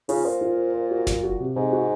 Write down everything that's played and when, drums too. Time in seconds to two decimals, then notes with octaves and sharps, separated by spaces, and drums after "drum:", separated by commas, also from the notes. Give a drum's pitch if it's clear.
0.09 C#3 F4, drum: open hi-hat
0.25 A#2 C5
0.41 F4
0.57 C5
0.74 C5
0.91 F#4
1.07 F#3, drum: snare F#1
1.24 F#4
1.40 C3
1.56 G#2 C3
1.73 F#4